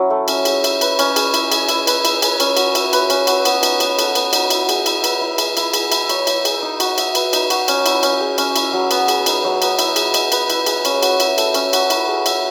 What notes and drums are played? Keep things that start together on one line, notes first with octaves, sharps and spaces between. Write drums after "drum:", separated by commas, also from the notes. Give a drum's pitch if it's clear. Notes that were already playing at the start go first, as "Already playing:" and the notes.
Already playing: F#3 C#4 E4
A3
C#4, drum: cymbal
G#4, drum: cymbal
E5, drum: cymbal
B4, drum: cymbal
C#4, drum: cymbal
G#4, drum: cymbal
E4, drum: cymbal
G#4, drum: cymbal
E4, drum: cymbal
B4, drum: cymbal
E4, drum: cymbal
G#4, drum: cymbal
C#4, drum: cymbal
F#4, drum: cymbal
E5, drum: cymbal
B4, drum: cymbal
C#4, drum: cymbal
F#4, drum: cymbal
B3, drum: cymbal
D#4, drum: cymbal
B3, drum: cymbal
A4, drum: cymbal
B3, drum: cymbal
D#4, drum: cymbal
E4, drum: cymbal
G#4, drum: cymbal
E4, drum: cymbal
B4, drum: cymbal
E4
G#4, drum: cymbal
E4, drum: cymbal
G#4, drum: cymbal
E4, drum: cymbal
C#5, drum: cymbal
E4, drum: cymbal
G#4, drum: cymbal
D#4
F#4, drum: cymbal
E5, drum: cymbal
B4, drum: cymbal
D#4, drum: cymbal
F#4, drum: cymbal
C#4, drum: cymbal
E4, drum: cymbal
C#4, drum: cymbal
G#4
C#4, drum: cymbal
E4, drum: cymbal
F#3
B3, drum: cymbal
G#4, drum: cymbal
D#4, drum: cymbal
F#3
B3, drum: cymbal
E4, drum: cymbal
G#4, drum: cymbal
D#5, drum: cymbal
B4, drum: cymbal
E4, drum: cymbal
G#4, drum: cymbal
C#4, drum: cymbal
F#4, drum: cymbal
E5, drum: cymbal
A4, drum: cymbal
C#4, drum: cymbal
F#4, drum: cymbal
E4, drum: cymbal
G#4
E5, drum: cymbal